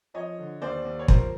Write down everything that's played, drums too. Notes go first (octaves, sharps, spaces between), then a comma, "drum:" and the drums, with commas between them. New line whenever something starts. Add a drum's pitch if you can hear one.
F3 C#5 D#5
D3
D#2 C5 D5
D#2
C#5
F3 A#4 C5, drum: kick